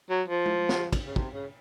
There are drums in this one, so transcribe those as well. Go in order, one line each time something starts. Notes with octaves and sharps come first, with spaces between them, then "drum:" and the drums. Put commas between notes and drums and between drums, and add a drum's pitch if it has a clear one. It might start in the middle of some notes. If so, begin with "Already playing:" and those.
F#3
F3
drum: tom
drum: snare
drum: kick, cymbal
C#3
C3, drum: kick
C#3